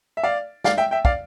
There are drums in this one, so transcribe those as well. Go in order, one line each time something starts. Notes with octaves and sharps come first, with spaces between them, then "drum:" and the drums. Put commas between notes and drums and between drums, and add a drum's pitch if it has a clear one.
E5
D5 F5
D5 F5, drum: snare
E5 G5
E5 G5
D5 F5, drum: kick